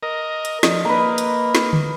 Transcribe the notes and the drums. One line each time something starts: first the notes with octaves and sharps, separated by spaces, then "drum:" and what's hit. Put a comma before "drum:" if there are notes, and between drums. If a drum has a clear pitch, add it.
A#4 D#5
drum: hi-hat
F3 D#5, drum: snare
A#3 A#4 B4
drum: hi-hat
drum: snare
drum: tom D3